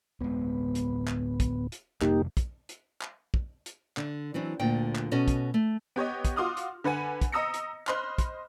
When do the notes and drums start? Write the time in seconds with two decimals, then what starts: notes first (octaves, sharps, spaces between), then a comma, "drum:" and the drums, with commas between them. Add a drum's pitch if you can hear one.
0.21 D1 G#3 B3
0.75 drum: hi-hat
1.08 drum: clap
1.40 drum: kick, hi-hat
1.72 drum: hi-hat
2.02 F2 C3 G3 A#3 D#4 G4, drum: clap
2.37 drum: kick, hi-hat
2.69 drum: hi-hat
3.01 drum: clap
3.34 drum: kick
3.66 drum: hi-hat
3.97 D3, drum: clap
4.34 E3 F#3 C4 D4
4.59 D2 A#2 D3 G5
4.95 drum: clap
5.11 B2 C#4 F#4 A4 D#5
5.28 drum: kick, hi-hat
5.54 A3
5.96 B3 G4 C#5 D#5
6.25 drum: kick, hi-hat
6.36 F4 F#4 C6 D6 D#6 F6
6.57 drum: hi-hat
6.84 D3 B4 F#5 G#5 D#7
7.22 drum: kick, hi-hat
7.32 D#5 A#5 D#6 E6 A#6 C#7
7.54 drum: hi-hat
7.87 C5 D#5 B5 C6 F6 F#6, drum: clap
8.18 drum: kick, hi-hat